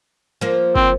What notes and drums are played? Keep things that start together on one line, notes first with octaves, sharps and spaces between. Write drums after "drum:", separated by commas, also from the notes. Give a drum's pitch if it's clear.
F3 A#3
C4, drum: kick